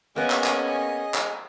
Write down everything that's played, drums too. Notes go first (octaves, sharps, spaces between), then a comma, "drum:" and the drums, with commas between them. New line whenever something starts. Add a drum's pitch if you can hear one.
A#3 B3 C#4 G#4 D#5
drum: clap
drum: clap
drum: clap